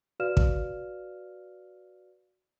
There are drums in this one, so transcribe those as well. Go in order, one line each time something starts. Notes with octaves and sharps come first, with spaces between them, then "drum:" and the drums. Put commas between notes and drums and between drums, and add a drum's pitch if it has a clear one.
F#4 B4 D5 F5 F6 E7
drum: kick